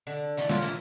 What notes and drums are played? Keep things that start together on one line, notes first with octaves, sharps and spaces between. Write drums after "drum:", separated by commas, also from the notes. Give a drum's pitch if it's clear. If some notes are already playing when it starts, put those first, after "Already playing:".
D3
D3 E3 A3 D5
D3 C#4 F4, drum: snare
A#2 E3 E4 A#4